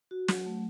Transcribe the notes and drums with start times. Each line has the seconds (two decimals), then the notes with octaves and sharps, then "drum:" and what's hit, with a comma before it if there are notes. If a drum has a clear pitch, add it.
0.11 F#4
0.28 F#3, drum: snare
0.46 A3